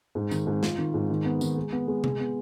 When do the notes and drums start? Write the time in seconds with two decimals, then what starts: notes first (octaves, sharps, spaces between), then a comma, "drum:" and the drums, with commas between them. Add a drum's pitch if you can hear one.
0.15 G#2
0.31 D#3, drum: tambourine
0.47 G#2
0.63 F4, drum: snare
0.78 D#3
0.94 G#2
1.10 D#3
1.25 B3
1.41 D#3, drum: tambourine
1.57 G#3
1.72 B3
1.88 G#3
2.04 G#3, drum: tom C3
2.20 B3